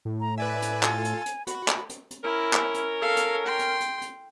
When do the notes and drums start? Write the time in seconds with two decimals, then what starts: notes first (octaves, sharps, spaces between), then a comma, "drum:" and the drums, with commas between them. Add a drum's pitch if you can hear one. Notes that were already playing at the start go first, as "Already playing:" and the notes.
0.05 A2
0.21 A#5
0.38 B4 D5 E5 G#5
0.62 drum: hi-hat
0.83 F4 A4 A6, drum: clap
1.05 drum: hi-hat
1.26 drum: hi-hat
1.47 F#4 B5, drum: hi-hat
1.68 drum: clap
1.89 drum: hi-hat
2.11 drum: hi-hat
2.24 C#4 E4 A#4
2.53 drum: clap
2.74 drum: hi-hat
3.01 A4 F5
3.17 drum: hi-hat
3.46 G5 C6
3.59 drum: hi-hat
3.80 drum: hi-hat
4.02 drum: hi-hat